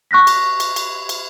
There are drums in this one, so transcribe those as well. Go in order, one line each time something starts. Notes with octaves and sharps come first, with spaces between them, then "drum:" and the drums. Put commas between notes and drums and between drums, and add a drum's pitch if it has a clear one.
C#6 F#6 A#6 B6
drum: cymbal
drum: cymbal
drum: cymbal
drum: cymbal